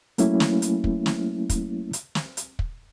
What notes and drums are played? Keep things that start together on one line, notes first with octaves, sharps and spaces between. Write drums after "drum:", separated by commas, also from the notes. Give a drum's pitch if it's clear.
F#3 A3 A#3 C#4 E4, drum: hi-hat
drum: snare
drum: hi-hat
drum: kick
drum: snare
drum: kick, hi-hat
drum: hi-hat
drum: snare
drum: hi-hat
drum: kick